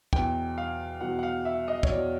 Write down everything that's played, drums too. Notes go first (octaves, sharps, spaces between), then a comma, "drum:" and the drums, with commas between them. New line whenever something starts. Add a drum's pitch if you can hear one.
E2 B2 F#3 G5, drum: kick
F5
E2 B2 F#3 F#5
F#5
F5
E5
D#5
C#5, drum: kick
E2 B2 F#3 D5